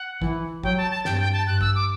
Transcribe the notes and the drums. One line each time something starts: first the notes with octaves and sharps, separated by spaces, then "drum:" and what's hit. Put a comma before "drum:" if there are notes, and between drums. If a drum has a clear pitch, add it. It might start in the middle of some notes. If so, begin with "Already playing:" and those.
Already playing: F#5
E3, drum: kick
F#3 G5, drum: kick
A5
A5
G2 G5, drum: snare
A5
G5
A5
G2 F#6
E6, drum: kick
D6